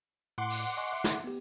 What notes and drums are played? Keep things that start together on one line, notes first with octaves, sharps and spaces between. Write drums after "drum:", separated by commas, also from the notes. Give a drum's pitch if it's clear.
A2 F#5 C6 D6
drum: open hi-hat
D#5 G#5 C#6
E5
drum: snare
B3 G4